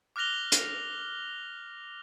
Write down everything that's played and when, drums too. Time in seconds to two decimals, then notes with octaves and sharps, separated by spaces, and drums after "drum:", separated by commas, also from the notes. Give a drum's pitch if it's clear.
0.16 D6 F6 F#6 A#6 F7 G7
0.52 drum: hi-hat